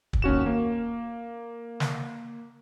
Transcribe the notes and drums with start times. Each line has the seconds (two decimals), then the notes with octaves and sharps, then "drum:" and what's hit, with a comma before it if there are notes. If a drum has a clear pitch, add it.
0.13 drum: kick
0.22 D#2 C#4 F#4 E7
0.46 A#3
1.80 drum: snare